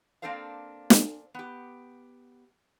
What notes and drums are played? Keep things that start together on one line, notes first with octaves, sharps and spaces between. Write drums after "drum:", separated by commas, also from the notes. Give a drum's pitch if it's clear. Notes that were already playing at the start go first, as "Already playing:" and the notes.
A#3 C4 D4 A4 C5 F5
drum: snare
B3 G4